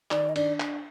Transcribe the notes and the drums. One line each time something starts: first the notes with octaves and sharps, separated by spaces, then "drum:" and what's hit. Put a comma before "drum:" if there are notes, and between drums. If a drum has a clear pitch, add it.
D#3 D5, drum: clap
D#5
D4 D5, drum: cymbal
drum: clap